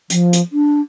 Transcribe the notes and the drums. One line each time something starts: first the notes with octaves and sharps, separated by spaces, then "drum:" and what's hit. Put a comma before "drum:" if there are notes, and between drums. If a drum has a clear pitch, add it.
F3, drum: hi-hat
drum: hi-hat
D4